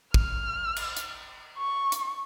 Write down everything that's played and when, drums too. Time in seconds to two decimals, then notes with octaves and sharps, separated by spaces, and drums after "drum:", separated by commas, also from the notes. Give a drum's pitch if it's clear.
0.14 F6, drum: kick
0.76 drum: cymbal
0.97 drum: hi-hat
1.58 C#6
1.92 drum: hi-hat